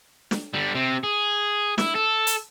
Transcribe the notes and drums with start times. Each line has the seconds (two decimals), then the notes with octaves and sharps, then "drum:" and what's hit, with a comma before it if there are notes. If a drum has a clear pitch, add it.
0.31 drum: snare
0.54 D3 G3
0.75 C3 C4
1.03 G#4
1.78 E4, drum: snare
1.95 A4
2.27 drum: hi-hat